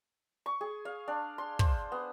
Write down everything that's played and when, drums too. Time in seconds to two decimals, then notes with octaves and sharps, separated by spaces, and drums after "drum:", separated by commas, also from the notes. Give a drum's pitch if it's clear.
0.46 C#6
0.61 G#4
0.85 F5
1.08 D4
1.38 C6
1.59 C5, drum: kick
1.92 B3